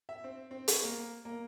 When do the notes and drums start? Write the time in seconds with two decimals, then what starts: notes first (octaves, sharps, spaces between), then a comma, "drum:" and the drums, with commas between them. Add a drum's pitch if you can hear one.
0.09 E5
0.24 C4
0.51 C4
0.68 drum: hi-hat
0.84 A#3
1.25 A#3